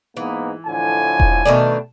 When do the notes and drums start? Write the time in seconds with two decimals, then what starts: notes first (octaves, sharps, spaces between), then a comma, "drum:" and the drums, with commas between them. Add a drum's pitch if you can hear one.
0.17 G#2 E3 A#3 B3
0.66 A2 D3 F3 G#5
1.20 drum: kick E1
1.45 B2 D#3 A3 D4